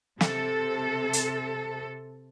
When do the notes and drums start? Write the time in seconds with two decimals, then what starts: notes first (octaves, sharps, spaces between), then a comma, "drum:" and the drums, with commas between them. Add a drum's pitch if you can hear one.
0.21 C3 A4, drum: snare
1.13 drum: hi-hat